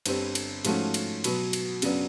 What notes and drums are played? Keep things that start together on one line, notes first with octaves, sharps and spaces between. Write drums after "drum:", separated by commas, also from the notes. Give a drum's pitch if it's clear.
G1 G2 D3 G3 C4, drum: cymbal
drum: cymbal
G#2 F3 A3 C#4 F#4, drum: cymbal
drum: cymbal
B2 F#3 B3, drum: cymbal
drum: cymbal
F#2 C#3 F#3 B3 D4, drum: cymbal